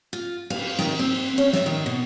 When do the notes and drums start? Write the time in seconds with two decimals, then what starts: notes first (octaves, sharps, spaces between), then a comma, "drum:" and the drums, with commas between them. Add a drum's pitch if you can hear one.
0.13 F4
0.50 F5, drum: cymbal
0.79 D#3, drum: snare
0.99 C4
1.38 C#4
1.53 E5, drum: snare
1.66 D#3
1.86 B2